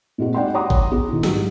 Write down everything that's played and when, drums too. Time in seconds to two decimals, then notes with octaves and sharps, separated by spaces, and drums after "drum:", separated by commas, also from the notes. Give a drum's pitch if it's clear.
0.18 A#2 G#3 C4 F#4
0.35 D#4 D5 F#5 G5 C6
0.54 C#5 F#5 A#5 C6 D6 D#6
0.70 drum: kick
0.91 B3 F#4 G#4
1.09 D#3 E4
1.23 G#2 F#3 G3, drum: snare